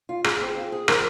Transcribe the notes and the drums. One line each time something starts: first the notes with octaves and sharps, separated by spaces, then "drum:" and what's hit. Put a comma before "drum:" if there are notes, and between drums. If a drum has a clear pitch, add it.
F4
G#4, drum: rim click
C4
F4
G#4
F3 A#4, drum: rim click